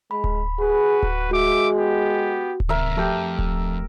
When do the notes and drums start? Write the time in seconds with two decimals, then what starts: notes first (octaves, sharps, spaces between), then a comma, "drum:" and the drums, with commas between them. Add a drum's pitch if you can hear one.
0.11 G#3 B5
0.24 drum: kick D1
0.59 F#4 G#4 B4
1.03 drum: kick D1
1.31 G#3 F#4 E5 D6
1.76 B3 G4
2.60 drum: kick D1
2.69 D#2 C3 A#4 E5
2.97 F2 A3 G4
3.39 drum: kick D1